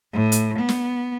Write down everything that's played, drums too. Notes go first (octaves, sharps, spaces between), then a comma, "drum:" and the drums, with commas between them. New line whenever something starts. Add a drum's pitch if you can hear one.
A2
drum: hi-hat
B3
drum: snare